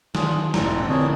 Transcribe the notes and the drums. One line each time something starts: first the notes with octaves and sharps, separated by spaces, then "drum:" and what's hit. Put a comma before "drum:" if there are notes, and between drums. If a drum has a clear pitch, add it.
D#3 E3 F#3 D4 F4 G#4, drum: snare
E1 A1 E3 C4 D4 A4 A#5, drum: snare
D3 F3 C4 D4 G#4 C#5